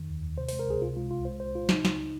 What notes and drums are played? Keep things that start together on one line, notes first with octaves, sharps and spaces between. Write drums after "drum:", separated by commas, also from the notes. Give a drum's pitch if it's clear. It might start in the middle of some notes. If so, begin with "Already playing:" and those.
Already playing: F2 D#3
D#2
D#2
C3 C5
C5, drum: open hi-hat
G#3
A#4
C#2 G#4
C3 F4
G#3 F4
C2 F4
G#3 C5
G#3 C5
A#2 F4
C#3 D#4, drum: snare
C#2, drum: snare